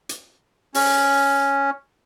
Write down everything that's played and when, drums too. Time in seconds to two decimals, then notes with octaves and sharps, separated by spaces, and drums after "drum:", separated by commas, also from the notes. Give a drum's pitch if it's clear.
0.09 drum: hi-hat
0.74 C#4, drum: open hi-hat